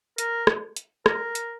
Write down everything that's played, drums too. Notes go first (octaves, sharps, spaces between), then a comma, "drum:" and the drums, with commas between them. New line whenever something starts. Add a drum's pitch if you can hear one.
A#4, drum: hi-hat
drum: rim click
drum: hi-hat
A#4, drum: rim click
drum: hi-hat